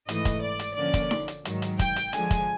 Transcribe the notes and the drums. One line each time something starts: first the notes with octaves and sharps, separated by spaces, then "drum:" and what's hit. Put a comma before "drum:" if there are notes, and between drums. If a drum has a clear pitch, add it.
G#2 E3 A3 D#5, drum: hi-hat
drum: kick, hi-hat
D5
drum: hi-hat
D3 F3 A#3 C#4 D5
drum: kick, hi-hat
drum: snare D#4
drum: hi-hat
G#2 D#3 F#3, drum: hi-hat
drum: hi-hat
G5, drum: kick, hi-hat
drum: hi-hat
D3 F3 G#3 G#5, drum: hi-hat
drum: kick, hi-hat